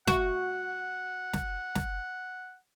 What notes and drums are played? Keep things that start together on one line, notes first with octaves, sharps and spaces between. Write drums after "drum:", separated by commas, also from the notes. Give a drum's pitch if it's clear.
F#4 F#5, drum: snare
drum: snare
drum: snare